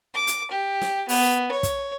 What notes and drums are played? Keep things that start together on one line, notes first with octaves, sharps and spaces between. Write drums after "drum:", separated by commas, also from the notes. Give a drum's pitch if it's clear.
D6
drum: hi-hat
G4
drum: snare
B3, drum: open hi-hat
C#5
drum: kick, hi-hat